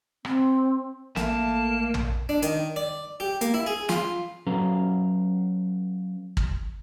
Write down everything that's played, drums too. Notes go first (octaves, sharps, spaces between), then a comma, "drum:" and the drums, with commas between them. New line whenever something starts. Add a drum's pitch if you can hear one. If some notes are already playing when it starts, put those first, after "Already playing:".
C4, drum: rim click
A1 A3 A#3 A5, drum: snare
drum: tom
D4
D#3, drum: hi-hat
D5
G4
A#3, drum: hi-hat
E4
G#4
F4, drum: snare
F#3 C#4 A4 B4 F5 A#5
drum: kick